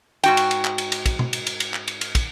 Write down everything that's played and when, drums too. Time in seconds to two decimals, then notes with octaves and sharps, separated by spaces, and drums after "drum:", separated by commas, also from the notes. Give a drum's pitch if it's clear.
0.24 G#2 F#4 G5, drum: cymbal
0.37 drum: cymbal
0.51 drum: cymbal
0.65 drum: clap
0.78 drum: cymbal
0.92 drum: cymbal
1.06 drum: kick, cymbal
1.19 drum: tom B2
1.33 drum: cymbal
1.47 drum: cymbal
1.60 drum: cymbal
1.74 drum: clap
1.88 drum: cymbal
2.01 drum: cymbal
2.15 drum: kick, cymbal